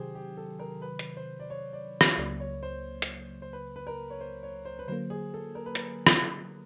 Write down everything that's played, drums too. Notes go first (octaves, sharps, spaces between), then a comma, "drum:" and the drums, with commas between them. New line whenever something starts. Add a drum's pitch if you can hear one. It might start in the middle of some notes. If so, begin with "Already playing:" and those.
Already playing: C3 D#3 F#3 G4 G#4 C5
G4
A4
A#4
B4
drum: hi-hat
C5
D5
C#5
D5
drum: rim click
C#2 C#3 F#3 A#3 D5
C#5
C5
drum: hi-hat
C5
B4
B4
A#4
C#5
C5
C#5
C5
B4
D3 F#3 A#3 C5
G#4
A4
A#4
B4
A#4, drum: hi-hat
drum: rim click